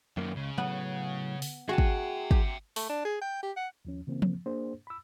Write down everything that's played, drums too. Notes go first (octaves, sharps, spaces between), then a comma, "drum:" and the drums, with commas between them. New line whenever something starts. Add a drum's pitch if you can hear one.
F#2 D#3 F#3 A#3
C#2 C#3
A2 F#3 B3 F#5
drum: open hi-hat
F#4 G#4 E5 G5 A5
drum: kick
G4, drum: kick
A3, drum: open hi-hat
D4
G#4
G5
G4
F#5
D#2 F3 C#4
C#3 E3 A#3 C4
drum: tom F3
A#3 D4 G#4 C5
B5 E6